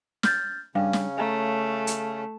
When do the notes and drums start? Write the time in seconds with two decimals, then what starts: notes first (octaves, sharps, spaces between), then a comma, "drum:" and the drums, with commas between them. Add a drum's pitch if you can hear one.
0.23 F6 G6 A6, drum: snare
0.75 C#3 G3 C#4 D4 F5
0.93 drum: snare
1.18 A3 C#5 A5 A#5
1.87 drum: hi-hat